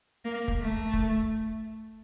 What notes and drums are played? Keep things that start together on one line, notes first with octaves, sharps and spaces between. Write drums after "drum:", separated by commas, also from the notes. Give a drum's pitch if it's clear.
A#3
drum: kick
A3
drum: kick